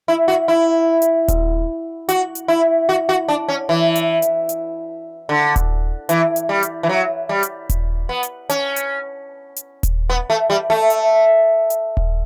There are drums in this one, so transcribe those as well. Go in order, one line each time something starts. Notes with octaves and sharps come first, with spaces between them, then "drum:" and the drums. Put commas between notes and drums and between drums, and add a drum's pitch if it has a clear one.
E4
F#4
E4
drum: hi-hat
drum: kick D#1, hi-hat
F#4, drum: hi-hat
drum: hi-hat
E4
F#4
F#4
D4
C#4
E3
drum: hi-hat
drum: hi-hat
drum: hi-hat
D3
drum: kick D#1, hi-hat
E3, drum: hi-hat
drum: hi-hat
G3
drum: hi-hat
E3
F#3
G3
drum: hi-hat
drum: kick D#1, hi-hat
B3
drum: hi-hat
C#4, drum: hi-hat
drum: hi-hat
drum: hi-hat
drum: kick D#1, hi-hat
B3
A3
G3
A3
drum: hi-hat
drum: hi-hat
drum: kick D#1